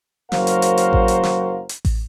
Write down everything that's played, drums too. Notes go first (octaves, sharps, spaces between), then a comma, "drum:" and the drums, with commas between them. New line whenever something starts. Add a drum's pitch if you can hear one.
F#1 F#3 F#4 A#4 C5 F5, drum: snare
drum: hi-hat
drum: hi-hat
drum: hi-hat
drum: kick A1
drum: hi-hat
drum: snare
drum: hi-hat
drum: kick A1, open hi-hat